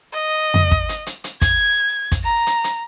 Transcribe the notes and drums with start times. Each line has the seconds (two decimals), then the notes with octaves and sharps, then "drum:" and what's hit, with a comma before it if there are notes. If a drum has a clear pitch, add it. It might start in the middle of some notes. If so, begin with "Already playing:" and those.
0.13 D#5
0.54 drum: tom F2
0.71 drum: kick
0.89 drum: hi-hat
1.06 drum: hi-hat
1.24 drum: hi-hat
1.42 G#6, drum: kick, hi-hat
2.12 drum: kick, hi-hat
2.24 A#5
2.47 drum: hi-hat
2.64 drum: hi-hat